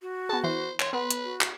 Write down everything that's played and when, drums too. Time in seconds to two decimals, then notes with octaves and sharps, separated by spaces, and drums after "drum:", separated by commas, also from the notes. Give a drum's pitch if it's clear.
0.02 F#4
0.29 B3 G#4 A5
0.44 E3 C5
0.80 C#5 C6, drum: clap
0.93 B3 B4
1.11 drum: hi-hat
1.24 F#4
1.41 drum: clap